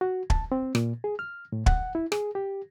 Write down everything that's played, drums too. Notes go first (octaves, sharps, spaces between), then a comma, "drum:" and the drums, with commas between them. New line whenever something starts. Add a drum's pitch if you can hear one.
F#4
A5, drum: kick
C4
A#2, drum: rim click
G#4
F6
A2
F#5, drum: kick
E4
G#4, drum: rim click
G4